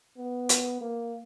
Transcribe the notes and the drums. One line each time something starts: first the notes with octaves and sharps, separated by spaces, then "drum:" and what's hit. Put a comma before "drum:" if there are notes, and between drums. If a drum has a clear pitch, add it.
B3
drum: hi-hat
A#3